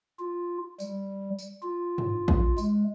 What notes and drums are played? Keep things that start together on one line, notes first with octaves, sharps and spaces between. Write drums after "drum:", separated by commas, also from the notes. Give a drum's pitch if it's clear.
F4
G3, drum: tambourine
drum: tambourine
F4
drum: tom
drum: kick
G#3, drum: tambourine